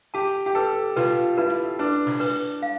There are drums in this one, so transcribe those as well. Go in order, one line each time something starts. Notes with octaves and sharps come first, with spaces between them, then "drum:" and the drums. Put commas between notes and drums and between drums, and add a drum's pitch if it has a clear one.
G4 A5
G4
A4 B4
F4 B4, drum: snare
E4 B4
drum: hi-hat
D4 B4
drum: snare
B4, drum: open hi-hat
F5